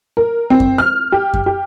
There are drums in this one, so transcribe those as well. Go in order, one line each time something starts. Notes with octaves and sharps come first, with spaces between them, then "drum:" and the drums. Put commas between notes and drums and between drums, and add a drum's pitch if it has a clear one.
A#4
C4
drum: kick F#2
F6
G4
drum: kick F#2
G4